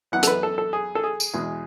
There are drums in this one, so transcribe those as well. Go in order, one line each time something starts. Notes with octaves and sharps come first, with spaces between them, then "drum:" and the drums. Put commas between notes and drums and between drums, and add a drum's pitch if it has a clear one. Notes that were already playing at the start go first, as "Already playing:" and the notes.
F#2 E3 B3 F#5
A4, drum: hi-hat
B4
A4
A4
G#4
A4
G#4
drum: tambourine
E2 B2 G#3